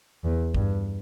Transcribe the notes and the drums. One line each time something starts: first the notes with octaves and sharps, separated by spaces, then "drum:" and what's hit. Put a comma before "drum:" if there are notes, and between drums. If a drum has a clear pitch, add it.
E2
G2, drum: kick